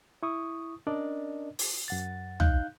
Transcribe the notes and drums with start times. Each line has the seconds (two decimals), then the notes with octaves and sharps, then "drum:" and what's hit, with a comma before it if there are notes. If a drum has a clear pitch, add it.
0.23 E4 C#6 D#6
0.87 C#4 D4 A#4 D5 D#5
1.59 drum: open hi-hat
1.88 F#2 F#5 A6
2.40 D#4 F5 F#6 G6, drum: tom